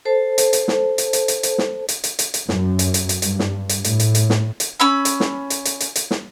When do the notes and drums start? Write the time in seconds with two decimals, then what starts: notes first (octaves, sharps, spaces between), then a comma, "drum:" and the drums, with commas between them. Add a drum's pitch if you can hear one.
0.05 A4 C5 A5
0.38 drum: hi-hat
0.53 drum: hi-hat
0.68 drum: snare
0.98 drum: hi-hat
1.13 drum: hi-hat
1.28 drum: hi-hat
1.43 drum: hi-hat
1.58 drum: snare
1.89 drum: hi-hat
2.04 drum: hi-hat
2.19 drum: hi-hat
2.34 drum: hi-hat
2.49 F#2, drum: snare
2.79 drum: hi-hat
2.94 drum: hi-hat
3.09 drum: hi-hat
3.22 G2, drum: hi-hat
3.39 drum: snare
3.69 drum: hi-hat
3.84 A2, drum: hi-hat
4.00 drum: hi-hat
4.15 drum: hi-hat
4.30 drum: snare
4.60 drum: hi-hat
4.80 C#4 B5 E6
5.05 drum: hi-hat
5.20 drum: snare
5.50 drum: hi-hat
5.65 drum: hi-hat
5.80 drum: hi-hat
5.96 drum: hi-hat
6.11 drum: snare